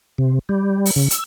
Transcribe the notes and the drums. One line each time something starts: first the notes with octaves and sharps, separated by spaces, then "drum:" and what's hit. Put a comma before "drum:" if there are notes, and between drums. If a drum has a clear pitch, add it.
C3
G3
drum: open hi-hat
C#3
E6, drum: hi-hat